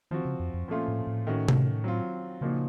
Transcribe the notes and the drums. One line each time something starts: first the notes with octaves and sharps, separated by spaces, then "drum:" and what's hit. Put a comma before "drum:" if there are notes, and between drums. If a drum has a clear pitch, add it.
D#3 F3 C4 F#4
C#3
F2
F2
A#2 F3 A3 C#4 F4
A2
A2
D#3 A3 C#4 F#4
drum: tom C3
F#3 C4 F4
A#2 C#3 F3 A#3 D#4 F#4